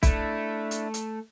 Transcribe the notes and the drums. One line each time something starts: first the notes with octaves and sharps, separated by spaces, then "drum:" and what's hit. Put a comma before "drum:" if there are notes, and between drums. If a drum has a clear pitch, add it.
A3 D4 E4, drum: kick, hi-hat
drum: hi-hat
drum: hi-hat